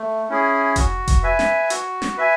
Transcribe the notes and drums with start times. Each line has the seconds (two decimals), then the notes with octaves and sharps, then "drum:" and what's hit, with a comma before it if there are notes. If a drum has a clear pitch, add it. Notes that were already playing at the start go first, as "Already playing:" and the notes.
Already playing: A3
0.30 C#4 E4 G#4
0.76 F#4, drum: kick F1, hi-hat
1.08 drum: kick F1, hi-hat
1.23 B4 E5 G#5
1.39 drum: snare
1.70 F#4, drum: hi-hat
2.02 drum: snare
2.17 B4 E5 G#5